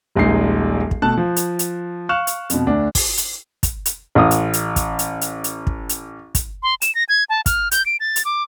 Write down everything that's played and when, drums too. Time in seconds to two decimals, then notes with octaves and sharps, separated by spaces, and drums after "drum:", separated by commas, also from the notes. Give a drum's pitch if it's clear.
0.15 D#1 A#1 G#3 D#4 C7
0.91 drum: kick
1.02 B2 A3 A5 F#6
1.17 F3
1.36 drum: hi-hat
1.59 drum: hi-hat
2.09 F5 C#6 F6 F#6 E7
2.27 drum: hi-hat
2.50 F2 B2, drum: hi-hat
2.67 D2 D4
2.95 drum: kick, open hi-hat
3.18 drum: hi-hat
3.63 drum: kick, hi-hat
3.86 drum: hi-hat
4.15 A1 D#6
4.31 drum: hi-hat
4.53 drum: hi-hat
4.76 drum: kick, hi-hat
4.99 drum: hi-hat
5.21 drum: hi-hat
5.44 drum: hi-hat
5.67 drum: kick
5.89 drum: hi-hat
6.35 drum: kick, hi-hat
6.63 C6
6.82 E7, drum: hi-hat
6.95 A#6
7.09 G#6
7.30 A5
7.46 F6, drum: kick, hi-hat
7.71 G6, drum: hi-hat
7.86 D7
8.00 A6
8.16 drum: hi-hat
8.25 D6